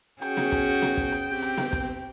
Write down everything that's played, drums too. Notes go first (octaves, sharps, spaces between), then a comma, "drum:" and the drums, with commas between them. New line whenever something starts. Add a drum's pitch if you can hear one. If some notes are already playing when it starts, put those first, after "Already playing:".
C#4 F#4 G#4 G5, drum: hi-hat
drum: snare B3
drum: kick, hi-hat
drum: snare B3
drum: kick
drum: hi-hat
C4 G4
drum: hi-hat
drum: snare B3
drum: kick, hi-hat